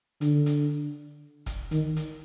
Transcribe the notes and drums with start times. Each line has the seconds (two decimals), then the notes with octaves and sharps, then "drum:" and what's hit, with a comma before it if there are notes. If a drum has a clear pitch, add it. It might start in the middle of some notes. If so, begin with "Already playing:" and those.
0.21 D3, drum: hi-hat
0.46 drum: hi-hat
1.46 drum: kick, hi-hat
1.71 D#3, drum: hi-hat
1.96 drum: hi-hat